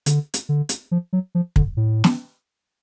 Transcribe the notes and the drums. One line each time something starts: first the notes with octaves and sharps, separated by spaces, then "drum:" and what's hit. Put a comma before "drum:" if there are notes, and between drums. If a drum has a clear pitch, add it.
D3, drum: hi-hat
drum: hi-hat
D3
drum: hi-hat
F3
F#3
F3
D3, drum: kick
A2
drum: snare